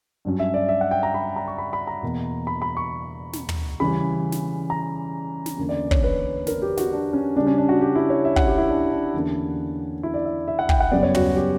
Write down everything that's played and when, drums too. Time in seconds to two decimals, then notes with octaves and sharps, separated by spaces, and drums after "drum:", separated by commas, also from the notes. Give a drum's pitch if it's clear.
0.25 G2 F#3 C#4
0.39 E5
0.54 D5
0.69 E5
0.81 F#5
0.91 G5
1.03 A#5
1.14 B5
1.36 A#5
1.48 C#6
1.58 B5
1.73 B5
1.87 A#5
2.03 E2 B2 A#3
2.47 B5
2.62 B5
2.77 C#6
3.33 drum: snare
3.49 drum: tom
3.80 C#3 E3 G3 C#4 B5
4.32 drum: snare
4.70 A#5
5.46 drum: snare
5.58 E2 D3 A#3 C#4
5.69 D5
5.91 C#5, drum: kick
6.03 B4
6.47 A#4, drum: snare
6.62 G4
6.77 F#4, drum: snare
6.92 D4
7.13 C#4
7.36 C#3 G3 C#4 D4
7.47 C#4
7.58 D4
7.69 F#4
7.81 G4
7.95 E4
8.10 C#5
8.25 E5
8.36 F#5, drum: kick
8.47 G4
8.58 E4
8.69 D4
8.92 D4
9.13 E2 D3 A#3 C#4
10.03 E4
10.14 D5
10.25 E5
10.48 E5
10.59 F#5
10.69 G5, drum: kick
10.80 F#5
10.91 F#2 C#3 G3 B3 D5
11.03 C#5
11.15 F#4, drum: tom
11.36 G4